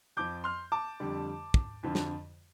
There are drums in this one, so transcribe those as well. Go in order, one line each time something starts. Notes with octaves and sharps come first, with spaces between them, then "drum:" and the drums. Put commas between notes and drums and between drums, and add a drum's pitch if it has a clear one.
F2 F3 D6 G6
C6 F6
A5 D6
F2 D3 G3
drum: kick
F2 D3 F3
drum: snare